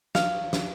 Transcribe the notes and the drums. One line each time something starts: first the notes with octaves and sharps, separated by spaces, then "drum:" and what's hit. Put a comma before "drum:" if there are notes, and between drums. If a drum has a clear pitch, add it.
F5, drum: snare
drum: snare